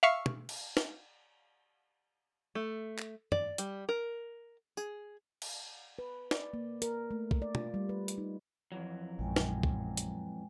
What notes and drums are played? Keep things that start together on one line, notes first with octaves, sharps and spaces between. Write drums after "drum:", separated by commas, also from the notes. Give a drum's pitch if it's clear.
E5 F5 C#6
drum: tom
drum: cymbal
drum: snare
A3
drum: clap
D5, drum: tom
G3, drum: hi-hat
A#4
G#4, drum: tambourine
drum: cymbal
B4
D5, drum: snare
A#3
A#4, drum: hi-hat
A3
drum: kick
D5
F4, drum: tom
G3
B4
drum: hi-hat
D#4
F2 E3 F#3
A#1 F#2 A#2 G#3 G5 G#5
drum: snare
drum: kick
drum: hi-hat